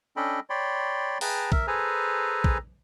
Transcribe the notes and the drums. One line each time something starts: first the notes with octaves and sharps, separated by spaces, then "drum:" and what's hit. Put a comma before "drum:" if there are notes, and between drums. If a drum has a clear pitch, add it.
C#4 D4 A4 D#5 G5 B5
C#5 D5 G5 B5 C6
G#4 B4 G5 A5 A#5, drum: open hi-hat
A#4 E5, drum: kick
G#4 A4 B4 C5 G#5 A#5
drum: kick